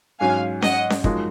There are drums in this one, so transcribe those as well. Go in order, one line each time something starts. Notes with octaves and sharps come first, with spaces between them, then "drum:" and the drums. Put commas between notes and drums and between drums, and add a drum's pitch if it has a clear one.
G#2 F#3 C#4 F5 G#5
D#5 F#5, drum: snare C#4
drum: snare C#4
F#2 F3 G#3 D#4 F#4, drum: kick